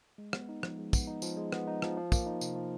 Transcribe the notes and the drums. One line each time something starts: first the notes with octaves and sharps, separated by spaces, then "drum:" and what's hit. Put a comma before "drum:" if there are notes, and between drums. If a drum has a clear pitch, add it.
G#3
B3, drum: rim click
D#4
F3, drum: rim click
G#3
B3, drum: kick, tambourine
D#4
F3, drum: tambourine
G#3
B3, drum: rim click
D#4
F3, drum: rim click
F3
A#3, drum: kick, tambourine
D#4
C3, drum: tambourine
F3